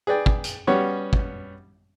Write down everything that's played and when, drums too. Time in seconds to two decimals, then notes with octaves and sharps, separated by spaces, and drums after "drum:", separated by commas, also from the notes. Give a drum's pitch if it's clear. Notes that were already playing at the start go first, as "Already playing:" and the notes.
0.07 G#4 B4 D5 G5
0.26 drum: kick
0.44 drum: hi-hat
0.67 G3 B3 C#4 F#4 C#5
1.13 drum: kick